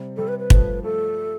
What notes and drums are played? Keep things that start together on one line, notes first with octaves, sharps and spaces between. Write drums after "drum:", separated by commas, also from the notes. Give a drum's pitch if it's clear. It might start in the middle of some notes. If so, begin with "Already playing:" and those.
Already playing: C3 G3 C4
C3 G3 C4 A4
B4
B4
G2 F3 A3, drum: kick
F3 A3 A4